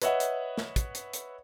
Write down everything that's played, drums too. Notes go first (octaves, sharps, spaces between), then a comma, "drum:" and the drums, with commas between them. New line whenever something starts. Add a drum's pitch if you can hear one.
B4 C#5 D#5 E5 F#5, drum: hi-hat
drum: hi-hat
drum: snare
drum: kick, hi-hat
drum: hi-hat
drum: hi-hat